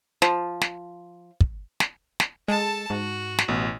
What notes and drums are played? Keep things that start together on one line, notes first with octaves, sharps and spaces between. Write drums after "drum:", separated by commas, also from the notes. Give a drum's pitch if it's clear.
F3, drum: snare
drum: snare
drum: kick
drum: snare
drum: snare
G#3 A4 A5
G#2 F#4
drum: snare
A1 B2